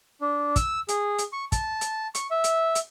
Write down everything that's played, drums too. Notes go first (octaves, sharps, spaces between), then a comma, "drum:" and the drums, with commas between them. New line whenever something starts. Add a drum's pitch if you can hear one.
D4
E6, drum: kick, hi-hat
G#4, drum: hi-hat
drum: hi-hat
C#6
A5, drum: kick, hi-hat
drum: hi-hat
C#6, drum: hi-hat
E5
drum: hi-hat
drum: hi-hat